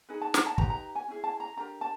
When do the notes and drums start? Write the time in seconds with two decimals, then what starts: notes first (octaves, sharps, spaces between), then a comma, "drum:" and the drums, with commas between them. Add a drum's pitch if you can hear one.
0.09 D#4 G#4 B4
0.22 A5
0.34 A#5, drum: snare
0.46 A5
0.58 D#4 G4 B4 A#5, drum: kick
0.70 A#5
0.95 G#5
1.08 C#4 E4 G#4
1.24 A5
1.40 A#5
1.57 D4 G4 A#4 A#5
1.81 A5